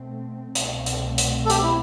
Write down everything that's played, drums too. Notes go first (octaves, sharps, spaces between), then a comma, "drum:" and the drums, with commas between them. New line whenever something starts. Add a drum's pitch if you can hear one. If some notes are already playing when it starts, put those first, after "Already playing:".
Already playing: B2 A3 C4
C2 B2 A3 C4, drum: hi-hat
drum: hi-hat
drum: hi-hat
A4
G4, drum: hi-hat
E4